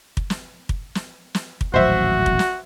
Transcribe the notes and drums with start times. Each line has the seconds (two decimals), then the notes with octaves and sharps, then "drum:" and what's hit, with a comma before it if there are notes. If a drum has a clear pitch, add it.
0.17 drum: kick
0.30 drum: snare
0.69 drum: kick
0.95 drum: snare
1.35 drum: snare
1.61 drum: kick
1.74 D#1 A1 F#3 F#4 C5 E5
2.26 drum: kick
2.39 drum: snare